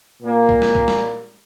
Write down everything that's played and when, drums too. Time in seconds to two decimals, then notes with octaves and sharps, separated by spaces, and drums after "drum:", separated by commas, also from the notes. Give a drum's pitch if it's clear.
0.23 A#2 A#3
0.49 drum: kick B1
0.62 drum: snare
0.75 drum: kick B1
0.88 drum: snare